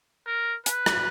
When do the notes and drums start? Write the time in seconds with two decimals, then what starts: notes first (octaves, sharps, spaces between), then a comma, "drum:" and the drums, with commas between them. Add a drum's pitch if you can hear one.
0.26 A#4
0.66 B4, drum: hi-hat
0.86 drum: rim click